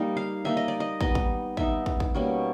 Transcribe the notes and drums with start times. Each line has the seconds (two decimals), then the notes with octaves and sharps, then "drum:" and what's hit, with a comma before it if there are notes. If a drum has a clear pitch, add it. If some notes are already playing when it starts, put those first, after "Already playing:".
Already playing: G3 A#3 D#4
0.17 F5
0.45 G3 A#3 D#4 E5
0.57 D#5
0.68 D5
0.80 D#5
1.01 G3 B3 D#4 D#5, drum: kick
1.15 drum: kick
1.57 G3 B3 D#4 E5, drum: kick
1.86 drum: kick
2.00 drum: kick
2.15 B2 G3 A#3 C#4